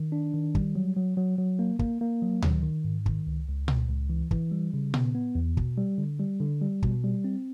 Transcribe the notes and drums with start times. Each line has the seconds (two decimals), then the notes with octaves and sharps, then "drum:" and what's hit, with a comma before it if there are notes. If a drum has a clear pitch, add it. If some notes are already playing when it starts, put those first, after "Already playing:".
Already playing: D#3
0.12 D4
0.34 D#3
0.55 G3, drum: kick
0.75 F#3
0.96 F#3
1.17 F#3
1.38 F#3
1.59 A#3
1.79 A#3, drum: kick
2.01 A#3
2.22 F#3
2.42 D#3, drum: tom D2
2.63 D#3
2.84 G#2
3.06 D#3, drum: kick
3.27 C#2
3.48 C#2
3.68 C#2, drum: tom A#2
3.89 C#2
4.10 E3
4.31 E3, drum: kick
4.51 G3
4.74 C#3
4.94 B3, drum: tom A#2
5.15 B3
5.35 E2
5.57 B2, drum: kick
5.78 G3
5.98 D3
6.19 G3
6.40 D3
6.61 G3
6.83 B2, drum: kick
7.04 G3
7.24 C4